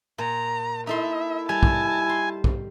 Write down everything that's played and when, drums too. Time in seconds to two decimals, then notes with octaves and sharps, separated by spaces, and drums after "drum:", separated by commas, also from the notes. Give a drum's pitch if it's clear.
0.18 A#2 A#5
0.87 D#4 E4 A4 E5 C6
1.49 G3 G#5 A5
1.63 drum: kick
2.09 C6
2.44 drum: kick